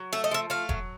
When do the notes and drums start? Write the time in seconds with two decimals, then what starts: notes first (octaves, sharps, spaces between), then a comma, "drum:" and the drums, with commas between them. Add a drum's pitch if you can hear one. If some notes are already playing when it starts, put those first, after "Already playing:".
Already playing: F#3
0.13 A3 E5
0.24 D#5
0.31 F3 E5
0.50 A3 F5
0.69 F#3, drum: kick E1